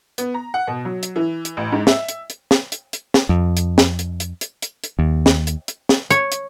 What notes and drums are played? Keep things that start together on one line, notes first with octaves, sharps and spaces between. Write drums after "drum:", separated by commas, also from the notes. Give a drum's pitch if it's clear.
B3, drum: hi-hat
A#5
F#5
B2
F#3
drum: hi-hat
E3
drum: hi-hat
A1
G#2
E5, drum: snare
drum: hi-hat
drum: hi-hat
drum: snare
drum: hi-hat
drum: hi-hat
drum: snare
F2
drum: hi-hat
drum: snare
drum: hi-hat
drum: hi-hat
drum: hi-hat
drum: hi-hat
drum: hi-hat
D#2
drum: snare
drum: hi-hat
drum: hi-hat
drum: snare
C#5, drum: hi-hat
drum: hi-hat